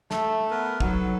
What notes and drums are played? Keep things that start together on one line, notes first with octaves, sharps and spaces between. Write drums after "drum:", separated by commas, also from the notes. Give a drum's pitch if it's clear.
A3 A5 E6, drum: snare
B3 A#4 B4
F#3 D#4 A4 B4 F#5, drum: kick